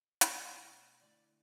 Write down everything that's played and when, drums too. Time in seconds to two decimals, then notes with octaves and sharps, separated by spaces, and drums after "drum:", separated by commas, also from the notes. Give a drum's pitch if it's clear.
0.21 B2 A3 D4 E5, drum: hi-hat
1.01 D3 A3 E4 D5